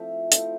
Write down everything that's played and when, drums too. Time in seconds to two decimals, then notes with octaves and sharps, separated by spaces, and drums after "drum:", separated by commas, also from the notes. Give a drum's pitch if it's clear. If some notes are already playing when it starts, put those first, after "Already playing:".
Already playing: F3 A3 C4 E4
0.32 F3 A3 C4 E4, drum: hi-hat